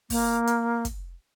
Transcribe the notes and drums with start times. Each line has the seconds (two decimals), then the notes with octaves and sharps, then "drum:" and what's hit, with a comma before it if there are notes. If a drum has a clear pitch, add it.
0.10 A#3, drum: kick, open hi-hat
0.47 drum: hi-hat
0.85 drum: kick, hi-hat